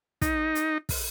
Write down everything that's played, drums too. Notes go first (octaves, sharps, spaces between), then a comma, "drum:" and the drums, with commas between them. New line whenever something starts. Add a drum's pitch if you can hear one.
D#4, drum: kick, hi-hat
drum: hi-hat
drum: kick, open hi-hat